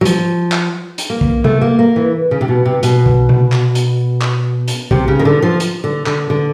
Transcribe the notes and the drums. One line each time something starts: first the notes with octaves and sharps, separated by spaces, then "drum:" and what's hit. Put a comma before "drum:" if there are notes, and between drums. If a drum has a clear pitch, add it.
F#3
F3, drum: hi-hat
drum: clap
drum: hi-hat
A#3
drum: kick
A3, drum: tom C3
A#3
A#3
E3
C#3
C3
B2
C3
B2, drum: hi-hat
drum: kick
drum: tom C3
drum: clap
drum: hi-hat
drum: clap
drum: hi-hat
C3, drum: kick
C#3
D#3
D3
F3
drum: hi-hat
D3
D3, drum: clap
D3